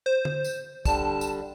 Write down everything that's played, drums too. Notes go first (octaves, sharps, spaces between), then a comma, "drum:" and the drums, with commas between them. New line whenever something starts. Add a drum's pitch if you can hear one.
C5
drum: tom D3
drum: tambourine
D3 G3 A5, drum: kick, tambourine
drum: tambourine